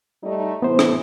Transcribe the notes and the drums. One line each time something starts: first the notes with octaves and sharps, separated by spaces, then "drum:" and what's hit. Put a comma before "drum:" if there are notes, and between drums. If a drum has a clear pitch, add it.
G3 A3 D#4
A2 C3 E3 B3 C5
drum: rim click